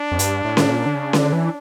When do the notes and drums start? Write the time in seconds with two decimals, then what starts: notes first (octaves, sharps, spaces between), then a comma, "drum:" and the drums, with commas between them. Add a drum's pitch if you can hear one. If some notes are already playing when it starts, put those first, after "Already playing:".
Already playing: D4
0.12 F2
0.19 G2, drum: hi-hat
0.45 A2
0.57 drum: snare C#4
0.70 A#2
0.86 D3
0.95 C#3
1.13 D3, drum: snare C#4
1.33 E3